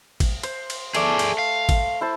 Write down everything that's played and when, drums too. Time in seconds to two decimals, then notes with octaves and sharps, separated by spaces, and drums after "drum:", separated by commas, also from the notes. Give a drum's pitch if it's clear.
0.20 drum: kick G#1, cymbal
0.43 C5, drum: cymbal
0.70 drum: cymbal
0.95 A3 G#4 D5, drum: cymbal
1.19 drum: cymbal
1.38 F5
1.69 drum: kick G#1, cymbal
2.01 E4 C5 A5